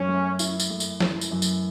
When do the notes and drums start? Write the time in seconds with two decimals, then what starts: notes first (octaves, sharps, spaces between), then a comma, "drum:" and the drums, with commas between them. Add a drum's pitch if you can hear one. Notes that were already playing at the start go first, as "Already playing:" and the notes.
Already playing: F#2 C#4
0.08 A3
0.39 E4, drum: tambourine
0.60 drum: tambourine
0.70 A3
0.80 drum: tambourine
1.00 E3, drum: snare
1.21 drum: tambourine
1.31 F#2
1.42 drum: tambourine